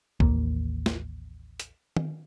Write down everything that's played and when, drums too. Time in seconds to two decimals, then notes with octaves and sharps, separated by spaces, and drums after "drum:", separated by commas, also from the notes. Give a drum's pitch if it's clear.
0.20 A1 D#2 A#3, drum: kick C2
0.86 drum: snare
1.60 drum: hi-hat
1.97 drum: tom D#3